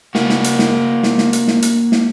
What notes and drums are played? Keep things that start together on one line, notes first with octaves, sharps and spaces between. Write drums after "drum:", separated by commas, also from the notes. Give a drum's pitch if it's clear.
A#3 F#4, drum: snare
drum: snare
drum: hi-hat
drum: snare
drum: snare
drum: snare
drum: hi-hat
drum: snare
drum: hi-hat
drum: snare